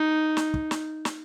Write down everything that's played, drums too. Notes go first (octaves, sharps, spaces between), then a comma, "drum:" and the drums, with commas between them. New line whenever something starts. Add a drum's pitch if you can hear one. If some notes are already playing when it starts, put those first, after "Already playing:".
Already playing: D#4
drum: snare
drum: kick
drum: snare
drum: snare